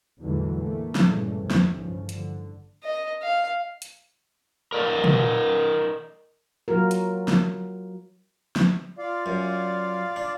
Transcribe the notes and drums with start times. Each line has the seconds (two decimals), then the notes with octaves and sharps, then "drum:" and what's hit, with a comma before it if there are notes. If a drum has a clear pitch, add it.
0.21 E2 A2 D3 E3 F#3 G#3
0.61 A3 A#3
0.95 drum: snare
1.05 G2 A#2 C#3 E3 G3 A3
1.37 F1 C2 C3 D#3
1.50 drum: snare
1.73 A1 G2 C#3 F3
2.09 D3, drum: hi-hat
2.84 D#5
3.22 F5
3.82 drum: hi-hat
4.72 A#4 D5 D#5
5.04 drum: tom
6.68 F#3 F4 F#4 A#4
6.91 drum: hi-hat
7.28 drum: snare
8.56 drum: snare
8.98 F4 D5 F5
9.26 F#2
10.16 D4